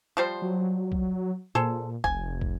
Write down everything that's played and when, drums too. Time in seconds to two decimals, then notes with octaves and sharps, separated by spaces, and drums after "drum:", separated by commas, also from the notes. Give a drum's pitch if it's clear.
0.17 F3 G3 C5
0.42 F#3
0.92 drum: kick
1.55 A#2 G#4 A4 C5
2.04 F1 G#5, drum: kick
2.41 drum: kick